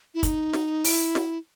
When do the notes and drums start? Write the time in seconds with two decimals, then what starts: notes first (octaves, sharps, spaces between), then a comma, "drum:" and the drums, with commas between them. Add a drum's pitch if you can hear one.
0.15 E4
0.23 D#4, drum: kick, hi-hat
0.53 drum: snare
0.84 E4, drum: open hi-hat
1.15 drum: snare